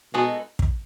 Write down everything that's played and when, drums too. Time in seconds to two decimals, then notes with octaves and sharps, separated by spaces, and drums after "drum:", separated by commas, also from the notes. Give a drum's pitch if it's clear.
0.14 B2 G#3 B3 D#4 F#4 A4
0.59 drum: kick